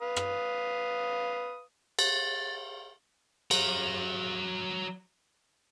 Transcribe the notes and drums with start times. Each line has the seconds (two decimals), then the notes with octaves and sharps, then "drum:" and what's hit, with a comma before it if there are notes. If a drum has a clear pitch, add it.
0.01 B4 F5 D#6
0.16 drum: rim click
1.99 A6, drum: cymbal
3.51 F#3 A#4, drum: cymbal